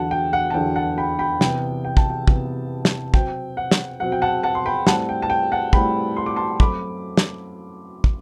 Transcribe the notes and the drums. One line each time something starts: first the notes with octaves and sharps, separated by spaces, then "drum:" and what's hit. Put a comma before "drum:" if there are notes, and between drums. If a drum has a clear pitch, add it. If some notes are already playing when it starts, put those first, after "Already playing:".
Already playing: E2 D3 F#3 F#5 A5
G5
F#5
A5
E2 D3 F#3 G5
F#5 A5
G5 B5
G5 B5
C3 E3 B3 G5, drum: snare
G5
A5, drum: kick
G5
C3 E3 B3, drum: kick
drum: snare
B2 F#3 C4 G5, drum: kick
F#5
drum: snare
B2 F#3 C4 F#5
G5
F#5 A5
F#5 A5
C6
G5 B5
A2 G3 C4 F#5 A5, drum: snare
G5
A5
G5
F#5 A5
A2 G3 C4 G5 B5, drum: kick
C6
D6
A5 C6
F#2 F#3 A3 C4 B5 D6, drum: kick
drum: snare
drum: kick